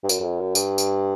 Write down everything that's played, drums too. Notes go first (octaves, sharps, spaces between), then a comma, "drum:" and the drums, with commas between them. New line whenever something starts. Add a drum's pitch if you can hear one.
G2
F#2, drum: tambourine
F#2
F2
F#2
G2, drum: tambourine
drum: tambourine